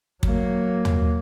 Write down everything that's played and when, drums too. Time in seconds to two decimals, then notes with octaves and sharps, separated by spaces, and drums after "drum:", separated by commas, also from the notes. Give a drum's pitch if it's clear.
0.23 F#3 A#3, drum: kick
0.85 drum: tom